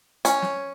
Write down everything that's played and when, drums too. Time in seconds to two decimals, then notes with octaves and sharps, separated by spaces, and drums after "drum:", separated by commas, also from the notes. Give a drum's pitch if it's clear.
0.25 C#4, drum: hi-hat
0.42 drum: snare